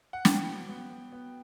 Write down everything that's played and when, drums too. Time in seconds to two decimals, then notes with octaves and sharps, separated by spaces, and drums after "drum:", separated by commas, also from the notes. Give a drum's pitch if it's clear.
0.13 F#5
0.25 B3 G5, drum: snare
0.47 F#3
0.69 B3
0.90 B3
1.12 B3